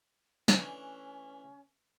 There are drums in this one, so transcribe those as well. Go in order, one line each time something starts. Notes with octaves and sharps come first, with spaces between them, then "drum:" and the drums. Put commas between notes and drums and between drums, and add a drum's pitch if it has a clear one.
E3 A3 C#4 D4, drum: snare